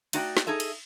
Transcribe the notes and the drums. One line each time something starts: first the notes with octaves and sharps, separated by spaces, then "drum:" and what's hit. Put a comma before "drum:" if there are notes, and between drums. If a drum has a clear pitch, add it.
A3 D#4 F#4 D5 F#5 G5, drum: cymbal
drum: snare
D#4 G#4 A4 E5
drum: cymbal